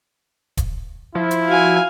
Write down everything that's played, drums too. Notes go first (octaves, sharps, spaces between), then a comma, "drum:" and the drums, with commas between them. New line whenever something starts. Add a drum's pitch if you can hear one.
drum: kick D#1, hi-hat
F3 E4
drum: hi-hat
F#4 F5 G#5